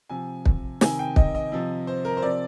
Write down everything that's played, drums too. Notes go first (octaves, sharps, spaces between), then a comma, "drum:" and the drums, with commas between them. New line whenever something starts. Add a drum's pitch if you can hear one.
C3 F3 G#5
drum: kick
C3 D#3 G#5, drum: snare
G5
D#5, drum: kick
D#5
C3 F3
C5
A#4
C5
C3 F3 D5